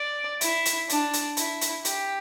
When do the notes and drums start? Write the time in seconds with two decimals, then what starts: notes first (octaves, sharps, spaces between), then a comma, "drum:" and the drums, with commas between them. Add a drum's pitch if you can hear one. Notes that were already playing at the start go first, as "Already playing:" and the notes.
Already playing: D5
0.41 E4, drum: hi-hat
0.65 drum: hi-hat
0.89 D4, drum: hi-hat
1.13 drum: hi-hat
1.37 E4, drum: hi-hat
1.61 drum: hi-hat
1.85 G4, drum: hi-hat